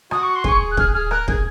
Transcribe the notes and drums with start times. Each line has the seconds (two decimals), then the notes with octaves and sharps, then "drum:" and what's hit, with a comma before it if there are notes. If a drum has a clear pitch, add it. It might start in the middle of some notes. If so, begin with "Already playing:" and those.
0.11 F#4 D#6, drum: rim click
0.23 C#6
0.36 C6
0.44 G#4 C#6, drum: kick
0.71 F#6
0.77 G#4 F6, drum: kick
0.94 G#4 F6
1.11 A#4 F#6, drum: rim click
1.28 G#4 G#6, drum: kick